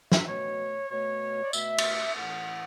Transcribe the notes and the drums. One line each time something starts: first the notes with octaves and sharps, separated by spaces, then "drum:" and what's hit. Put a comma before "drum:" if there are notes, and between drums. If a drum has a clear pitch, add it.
E5, drum: snare
B2 A3 C#5
B2 A3 C#5
D5
B2 A3 E5, drum: tambourine
drum: cymbal
A2 E3 A3 F#5